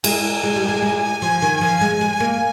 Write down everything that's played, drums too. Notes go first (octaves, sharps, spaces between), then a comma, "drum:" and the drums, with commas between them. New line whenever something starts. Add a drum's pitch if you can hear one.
G#3 G#5, drum: cymbal
G#3
G3
G#3
G#3
F3
D#3
F3
G#3
G#3
A#3